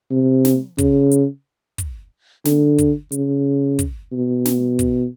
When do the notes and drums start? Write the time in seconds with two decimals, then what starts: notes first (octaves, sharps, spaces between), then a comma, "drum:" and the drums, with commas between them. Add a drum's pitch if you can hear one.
0.11 C3
0.45 drum: snare
0.78 C#3, drum: kick, hi-hat
1.11 drum: hi-hat
1.78 drum: kick, hi-hat
2.45 D3, drum: snare
2.78 drum: kick, hi-hat
3.12 C#3, drum: hi-hat
3.79 drum: kick, hi-hat
4.13 B2
4.45 drum: snare
4.79 drum: kick, hi-hat